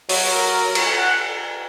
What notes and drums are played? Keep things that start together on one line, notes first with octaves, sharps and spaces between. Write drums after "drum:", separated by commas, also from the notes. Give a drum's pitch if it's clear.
F#3 C#5, drum: open hi-hat
A#4
A#4
C#5, drum: cymbal
F#5